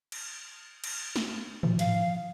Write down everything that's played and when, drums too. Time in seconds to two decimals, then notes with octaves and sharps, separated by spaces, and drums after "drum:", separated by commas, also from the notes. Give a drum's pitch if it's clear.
0.12 drum: cymbal
0.84 drum: cymbal
1.16 drum: snare
1.63 F3, drum: tom
1.79 F5, drum: hi-hat